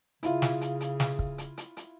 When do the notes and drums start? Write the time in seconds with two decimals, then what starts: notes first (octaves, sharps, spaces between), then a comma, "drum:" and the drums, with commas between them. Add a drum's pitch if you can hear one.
0.23 C#3 E4 F4, drum: hi-hat
0.42 drum: snare
0.61 drum: hi-hat
0.80 drum: hi-hat
1.00 drum: snare
1.19 drum: kick
1.38 drum: hi-hat
1.57 drum: hi-hat
1.77 drum: hi-hat